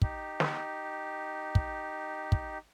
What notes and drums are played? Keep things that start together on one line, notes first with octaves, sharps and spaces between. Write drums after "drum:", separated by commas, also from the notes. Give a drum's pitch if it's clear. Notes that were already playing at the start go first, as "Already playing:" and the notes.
D#4 G4, drum: kick
drum: snare
drum: kick
drum: kick